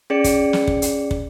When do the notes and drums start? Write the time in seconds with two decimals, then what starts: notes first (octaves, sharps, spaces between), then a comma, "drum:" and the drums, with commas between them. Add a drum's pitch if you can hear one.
0.10 C#4 G#4 D5 C#7
0.24 drum: kick, hi-hat
0.53 drum: snare
0.68 drum: kick
0.82 drum: hi-hat
1.11 drum: kick